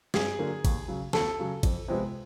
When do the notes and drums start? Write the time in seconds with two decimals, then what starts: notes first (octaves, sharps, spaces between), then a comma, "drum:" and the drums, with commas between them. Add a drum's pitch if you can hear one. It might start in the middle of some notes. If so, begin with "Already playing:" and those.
0.14 G2 G#4, drum: snare
0.39 D3 F#3 A#3
0.65 D#2, drum: kick, cymbal
0.88 C#3 F#3
1.13 D#2 A4, drum: snare
1.39 C#3 F#3
1.63 F2, drum: kick, cymbal
1.88 C3 F3 G#3 B3